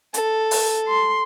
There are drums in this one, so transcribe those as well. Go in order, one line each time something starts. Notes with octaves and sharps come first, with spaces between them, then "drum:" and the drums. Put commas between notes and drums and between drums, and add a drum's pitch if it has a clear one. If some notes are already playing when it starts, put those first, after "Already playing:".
A4, drum: hi-hat
drum: open hi-hat
C6